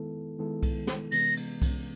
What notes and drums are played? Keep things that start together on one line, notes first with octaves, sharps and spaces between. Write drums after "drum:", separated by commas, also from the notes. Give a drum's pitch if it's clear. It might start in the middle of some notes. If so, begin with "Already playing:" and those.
Already playing: D#3 G#3 B3 E4 A4
D#3 G#3 B3 E4 A4
drum: kick B1, cymbal
drum: snare
C3 E3 G#3 B3 A#6, drum: cymbal
drum: cymbal
drum: kick B1, cymbal